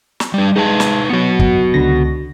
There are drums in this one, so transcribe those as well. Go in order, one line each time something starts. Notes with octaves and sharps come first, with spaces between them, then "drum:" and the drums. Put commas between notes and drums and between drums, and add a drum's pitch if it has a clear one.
drum: snare
G3 D4
G#3 D#4 B4 A5
drum: snare
F#3 B3 F#4 C#7
drum: kick
C#2 D3 A#6